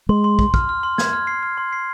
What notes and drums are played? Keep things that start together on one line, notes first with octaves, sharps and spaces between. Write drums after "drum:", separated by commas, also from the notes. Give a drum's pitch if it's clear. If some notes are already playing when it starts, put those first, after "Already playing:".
G#3 C6
C6
C6, drum: kick
F6, drum: kick
F6
C6
G#6, drum: snare
F6
C7
F6
C6
C7